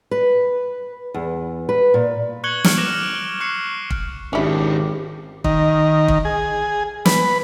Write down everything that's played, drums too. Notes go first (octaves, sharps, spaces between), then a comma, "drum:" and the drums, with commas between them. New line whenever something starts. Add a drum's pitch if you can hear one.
B4
E2
B4
A#2
C#6 F#6 G#6 C#7 F#7 G7
F6 C#7 D7, drum: snare
D6 F#6 A#6 D7 E7
G7
C#6 F#6 C7 C#7
drum: kick
G#1 D#3 C#4 D4 E4 G4
D#3, drum: kick
drum: kick
G#4
B4, drum: snare